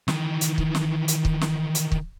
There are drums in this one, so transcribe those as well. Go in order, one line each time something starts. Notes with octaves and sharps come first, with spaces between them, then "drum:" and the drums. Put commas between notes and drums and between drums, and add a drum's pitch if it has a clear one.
D#3 E3, drum: snare
drum: hi-hat
drum: kick
drum: snare
drum: hi-hat
drum: kick
drum: snare
drum: hi-hat
drum: kick